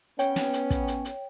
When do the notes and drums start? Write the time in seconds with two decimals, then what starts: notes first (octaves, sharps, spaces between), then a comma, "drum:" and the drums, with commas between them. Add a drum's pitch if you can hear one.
0.19 B3 C#4 C#5 G5, drum: hi-hat
0.36 drum: snare
0.53 drum: hi-hat
0.70 drum: kick, hi-hat
0.88 drum: hi-hat
1.05 drum: hi-hat